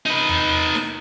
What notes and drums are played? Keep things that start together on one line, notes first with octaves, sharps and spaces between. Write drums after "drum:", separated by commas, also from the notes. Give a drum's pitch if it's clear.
D#4 B4
drum: tom E2
drum: snare D#4